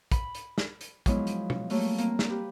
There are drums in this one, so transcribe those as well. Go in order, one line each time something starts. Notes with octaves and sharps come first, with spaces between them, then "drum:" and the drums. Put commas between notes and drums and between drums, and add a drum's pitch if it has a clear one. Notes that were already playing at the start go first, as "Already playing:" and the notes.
B5, drum: kick, hi-hat
drum: hi-hat
drum: snare
drum: hi-hat
F3 F#3 G#3 B3 E4, drum: kick, hi-hat
drum: hi-hat
drum: tom
F#3 G3 A3 A#3, drum: open hi-hat
A#3 C4, drum: hi-hat
drum: snare
G4 B4